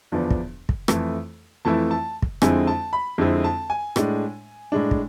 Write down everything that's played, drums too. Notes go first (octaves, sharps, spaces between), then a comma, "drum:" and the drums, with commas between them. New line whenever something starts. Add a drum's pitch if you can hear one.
E2 D3 F3 B3 D4
drum: kick
drum: kick
F2 E3 A3 E4, drum: rim click
F2 E3 A3 E4 A5
A5
drum: kick
F2 D3 G#3 C4 E4 G#5, drum: rim click
A5
B5
F2 D3 G#3 C4 E4
A5
G#5
A2 G#3 D4, drum: rim click
A2 G#3 D4
drum: kick